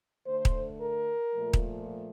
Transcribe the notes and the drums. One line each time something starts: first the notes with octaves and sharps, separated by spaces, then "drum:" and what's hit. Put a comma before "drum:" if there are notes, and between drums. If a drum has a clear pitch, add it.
D3 A3 C5
drum: kick D#1
A#4
A#2 F3 A3
drum: kick D#1